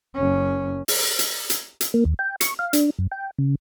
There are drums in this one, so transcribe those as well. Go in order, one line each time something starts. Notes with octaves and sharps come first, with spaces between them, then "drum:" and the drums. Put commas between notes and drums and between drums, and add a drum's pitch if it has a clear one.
F#1 C#4
drum: open hi-hat
drum: hi-hat
drum: hi-hat
drum: hi-hat
A#3
D#2
G5
C#6, drum: hi-hat
F5
D4, drum: hi-hat
F#2
G5
C#3